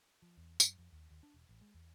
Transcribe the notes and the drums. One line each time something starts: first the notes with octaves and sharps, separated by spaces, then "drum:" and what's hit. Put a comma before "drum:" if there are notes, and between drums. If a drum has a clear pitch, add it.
F3
E2
F#2, drum: tambourine
F2
D#2
D#2
D4
E1
A1
G#3
E2